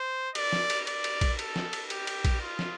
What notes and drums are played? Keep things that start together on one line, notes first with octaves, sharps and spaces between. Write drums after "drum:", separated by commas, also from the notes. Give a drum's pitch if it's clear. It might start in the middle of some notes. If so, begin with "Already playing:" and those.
Already playing: C5
D5, drum: cymbal
drum: snare
drum: cymbal
D5, drum: cymbal
drum: cymbal
drum: kick A#1, cymbal
A4, drum: cymbal
drum: snare
drum: cymbal
G4, drum: cymbal
drum: cymbal
drum: kick A#1, cymbal
F4
drum: snare